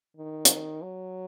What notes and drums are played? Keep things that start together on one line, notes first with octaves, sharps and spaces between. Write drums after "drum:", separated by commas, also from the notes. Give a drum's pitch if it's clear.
D#3
drum: hi-hat
F#3